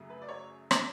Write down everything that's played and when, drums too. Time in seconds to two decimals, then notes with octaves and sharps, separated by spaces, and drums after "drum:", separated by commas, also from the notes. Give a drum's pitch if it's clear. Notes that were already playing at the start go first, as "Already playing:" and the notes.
Already playing: F#2 C#3 F#3 A3
0.10 B4
0.22 D5
0.29 C#5
0.71 drum: rim click